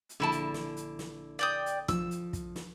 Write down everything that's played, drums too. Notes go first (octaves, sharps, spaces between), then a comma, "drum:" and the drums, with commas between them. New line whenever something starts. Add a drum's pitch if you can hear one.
drum: hi-hat
A#1 D3 E4 A5
drum: hi-hat
drum: snare
drum: hi-hat
drum: snare
D5 G5 D#6
drum: hi-hat
F3 E6, drum: kick, hi-hat
drum: hi-hat
drum: kick, hi-hat
drum: snare